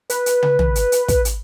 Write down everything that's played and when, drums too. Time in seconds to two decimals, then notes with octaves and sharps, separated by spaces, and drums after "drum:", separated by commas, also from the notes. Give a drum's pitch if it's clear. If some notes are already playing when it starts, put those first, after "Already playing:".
0.10 B4, drum: hi-hat
0.26 drum: hi-hat
0.43 drum: tom
0.59 drum: tom
0.75 drum: hi-hat
0.92 drum: hi-hat
1.08 drum: kick, hi-hat
1.25 drum: hi-hat